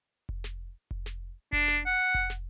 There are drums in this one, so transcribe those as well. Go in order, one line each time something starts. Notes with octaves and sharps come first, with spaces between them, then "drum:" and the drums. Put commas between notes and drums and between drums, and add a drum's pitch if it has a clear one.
drum: kick F1
drum: snare
drum: kick F1
drum: snare
D4, drum: kick F1
drum: snare
F#5
drum: kick F1
drum: snare